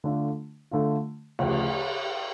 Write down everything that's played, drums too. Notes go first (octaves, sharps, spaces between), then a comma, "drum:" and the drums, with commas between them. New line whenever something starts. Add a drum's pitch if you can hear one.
D3 A3 D4 F4
D3 A3 D4 F4
D2 C#3 F3, drum: cymbal